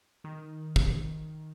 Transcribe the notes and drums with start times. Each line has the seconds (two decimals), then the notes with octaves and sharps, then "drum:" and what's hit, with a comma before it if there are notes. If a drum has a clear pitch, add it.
0.24 D#3
0.76 drum: kick